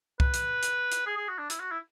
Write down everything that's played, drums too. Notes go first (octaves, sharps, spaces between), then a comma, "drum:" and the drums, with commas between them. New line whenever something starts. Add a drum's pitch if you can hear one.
B4, drum: kick C2
drum: hi-hat
drum: hi-hat
drum: hi-hat
G#4
G#4
F#4
D4
E4, drum: hi-hat
F#4
E4